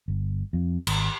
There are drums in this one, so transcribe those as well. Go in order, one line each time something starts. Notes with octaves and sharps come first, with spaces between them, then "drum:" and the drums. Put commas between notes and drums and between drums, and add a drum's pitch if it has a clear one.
G1
F2
G#1, drum: cymbal